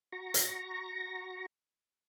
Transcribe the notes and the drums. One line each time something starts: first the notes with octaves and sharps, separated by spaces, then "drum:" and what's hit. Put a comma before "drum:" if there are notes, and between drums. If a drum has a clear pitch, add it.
F#4 A#5 C#6 A#6
drum: hi-hat